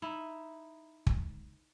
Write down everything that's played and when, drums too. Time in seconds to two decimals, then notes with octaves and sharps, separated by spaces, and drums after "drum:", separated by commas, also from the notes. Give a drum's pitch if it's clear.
0.02 D#4 E4
1.07 drum: kick